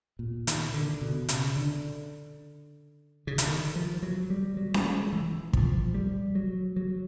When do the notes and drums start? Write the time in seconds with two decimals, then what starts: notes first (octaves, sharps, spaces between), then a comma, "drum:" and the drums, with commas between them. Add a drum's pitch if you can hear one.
0.19 A#2
0.47 D#3, drum: hi-hat
0.74 D3
1.01 B2
1.29 C#3, drum: hi-hat
1.56 D3
3.27 C#3
3.38 D3, drum: hi-hat
3.48 D#3
3.76 F3
4.03 F#3
4.30 G3
4.57 F#3
4.74 A3, drum: snare C#4
4.85 G#3
5.13 E3
5.53 F3, drum: kick
5.94 G3
6.35 F#3
6.76 F#3